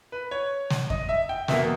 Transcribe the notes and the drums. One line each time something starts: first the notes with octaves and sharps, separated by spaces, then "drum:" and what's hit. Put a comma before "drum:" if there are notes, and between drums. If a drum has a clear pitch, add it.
B4
C#5
drum: snare
D#5, drum: kick F2
E5
G5
E2 B2 A#3 E5, drum: snare